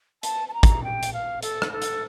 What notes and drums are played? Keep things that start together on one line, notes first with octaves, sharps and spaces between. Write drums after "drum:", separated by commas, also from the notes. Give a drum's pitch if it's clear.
A5, drum: hi-hat
A5
A#5
drum: kick, hi-hat
G5
drum: hi-hat
F5
A4, drum: hi-hat
drum: rim click
A4
drum: hi-hat